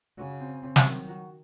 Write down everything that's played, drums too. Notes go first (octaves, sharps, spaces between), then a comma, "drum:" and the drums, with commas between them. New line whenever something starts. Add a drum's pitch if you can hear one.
C#3 F#4
C4
C4
drum: snare
D#3 F#3
F#4